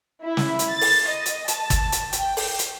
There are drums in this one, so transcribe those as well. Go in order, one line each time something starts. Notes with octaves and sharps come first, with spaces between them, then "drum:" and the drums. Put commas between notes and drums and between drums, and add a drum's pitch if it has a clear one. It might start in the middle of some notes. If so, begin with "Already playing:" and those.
E4
drum: snare
drum: hi-hat
A6
drum: open hi-hat
D#5
drum: hi-hat
A5, drum: hi-hat
drum: kick G1, hi-hat
drum: hi-hat
G5, drum: hi-hat
drum: open hi-hat
drum: hi-hat